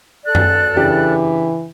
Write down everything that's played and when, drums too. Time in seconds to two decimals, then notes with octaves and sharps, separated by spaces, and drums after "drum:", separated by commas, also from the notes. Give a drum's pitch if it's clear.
0.25 A4 D5 F#6
0.35 drum: tom F#2
0.76 C#3 E3 D4 G4